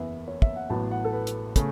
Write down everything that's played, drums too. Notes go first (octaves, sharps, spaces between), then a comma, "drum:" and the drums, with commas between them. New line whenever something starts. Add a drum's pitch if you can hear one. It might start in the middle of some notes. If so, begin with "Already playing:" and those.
Already playing: F#1 E2 E3 B3 E5
C#5
E5, drum: kick
F#5
A1 A2 F#3 B3 A5
F#5
A4
B4
drum: hi-hat
C#3 A3, drum: kick, hi-hat